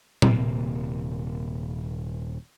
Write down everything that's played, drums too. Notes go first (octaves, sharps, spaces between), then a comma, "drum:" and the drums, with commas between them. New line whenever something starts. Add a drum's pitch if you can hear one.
D#1 C3 A#3, drum: tom A#2